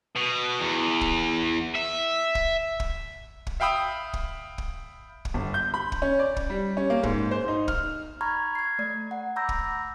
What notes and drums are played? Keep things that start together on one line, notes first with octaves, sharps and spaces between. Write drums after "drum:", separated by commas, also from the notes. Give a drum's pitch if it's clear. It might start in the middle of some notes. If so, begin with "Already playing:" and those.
B2
E2
drum: kick
E5
drum: kick
drum: kick
drum: kick
E5 F5 G5 B5 D#6 E6
drum: kick
drum: kick
drum: kick
G1
G6
B5
drum: kick
C#4
D5
drum: kick
G3
C#4
A#3
G#2, drum: kick
C5
D#4
F6, drum: kick
A#5 B5 C#6 F6 G#6
G#6 C7
A3 D5
F#5
A#5 B5 D6 E6 G6 A#6
drum: kick